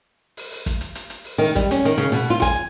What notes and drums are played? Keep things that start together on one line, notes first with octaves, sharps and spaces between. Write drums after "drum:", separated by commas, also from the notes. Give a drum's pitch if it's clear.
drum: open hi-hat
drum: open hi-hat
drum: kick, hi-hat
drum: hi-hat
drum: hi-hat
drum: hi-hat
drum: open hi-hat
D#3, drum: open hi-hat
G3, drum: kick, hi-hat
C#4, drum: hi-hat
D#3, drum: hi-hat
C#3, drum: hi-hat
B2, drum: open hi-hat
F4
G#5, drum: kick, hi-hat